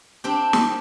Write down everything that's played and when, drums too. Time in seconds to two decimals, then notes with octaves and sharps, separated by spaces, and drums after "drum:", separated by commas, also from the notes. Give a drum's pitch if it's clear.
0.24 C4 D4 G4
0.53 drum: snare